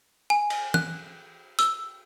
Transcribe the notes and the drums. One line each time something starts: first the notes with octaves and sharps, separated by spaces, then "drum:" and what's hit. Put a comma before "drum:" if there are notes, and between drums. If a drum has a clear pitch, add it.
G#5
drum: cymbal
F#6, drum: tom
E6, drum: hi-hat